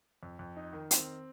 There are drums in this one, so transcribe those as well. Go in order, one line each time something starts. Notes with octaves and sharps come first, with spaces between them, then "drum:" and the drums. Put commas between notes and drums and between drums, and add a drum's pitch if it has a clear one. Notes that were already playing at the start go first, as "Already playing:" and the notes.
F2
F2
D#4
D#3
C4, drum: hi-hat